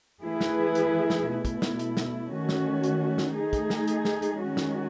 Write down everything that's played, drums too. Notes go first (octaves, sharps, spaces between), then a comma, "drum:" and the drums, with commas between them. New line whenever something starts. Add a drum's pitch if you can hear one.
E3 A3 E4 G#4 B4
drum: snare
drum: hi-hat
drum: snare
B2 A3 E4
drum: kick, hi-hat
drum: snare
drum: hi-hat
drum: snare
D#3 A3 C#4 F#4
drum: snare
drum: hi-hat
drum: snare
A3 D#4 G#4
drum: kick, hi-hat
drum: snare
drum: hi-hat
drum: snare
drum: hi-hat
D#3 G#3 C#4 F#4
drum: snare